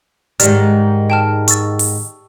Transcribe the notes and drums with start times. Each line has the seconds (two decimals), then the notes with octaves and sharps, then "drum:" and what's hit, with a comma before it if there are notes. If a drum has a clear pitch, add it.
0.40 G#2 D#3 G4 D5 F6, drum: hi-hat
1.10 G5 A5 F6
1.48 C#6 E6 A6, drum: hi-hat
1.79 drum: open hi-hat